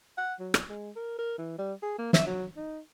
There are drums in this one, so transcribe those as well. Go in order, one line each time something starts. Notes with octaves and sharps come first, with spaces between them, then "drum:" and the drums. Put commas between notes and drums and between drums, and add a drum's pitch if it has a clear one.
F#5
F#3
drum: rim click
G#3
A#4
A#4
E3
G3
G#4
A#3
E5, drum: snare
F#3
D#4